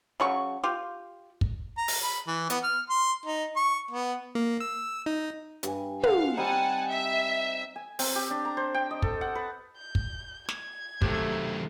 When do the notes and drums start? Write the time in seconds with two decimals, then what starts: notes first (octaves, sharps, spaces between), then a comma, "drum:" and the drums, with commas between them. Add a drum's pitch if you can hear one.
0.20 C#3 F#3 C#6
0.64 F4 G4
1.41 drum: kick
1.77 A#5
1.88 drum: open hi-hat
2.03 B5
2.27 E3
2.50 B3, drum: hi-hat
2.63 F6
2.89 C6
3.26 D#4
3.56 C#6
3.91 B3
4.35 A#3
4.60 E6
5.06 D#4
5.63 G2 G#5, drum: hi-hat
6.03 F5 F#5 C6, drum: tom
6.37 G3 C4 D#4 F#5 G#5 A5
6.90 E5
7.76 G#5
7.99 C4, drum: open hi-hat
8.15 G4
8.31 D4
8.45 A#5
8.57 C5
8.74 G5
8.91 D#5
9.02 A4, drum: kick
9.21 F#5
9.35 B4
9.77 G6
9.95 drum: kick
10.49 G#6, drum: snare
11.02 C3 D#3 F#3 A3, drum: kick